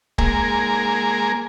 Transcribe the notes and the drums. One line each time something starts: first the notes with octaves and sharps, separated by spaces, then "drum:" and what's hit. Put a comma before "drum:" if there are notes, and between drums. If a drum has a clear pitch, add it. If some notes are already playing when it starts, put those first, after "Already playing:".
G#3 A#3 A#4 G#5, drum: kick C#1